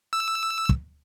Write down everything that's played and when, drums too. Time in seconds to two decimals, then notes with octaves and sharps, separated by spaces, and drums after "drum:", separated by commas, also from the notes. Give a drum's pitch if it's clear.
0.13 E6
0.69 drum: kick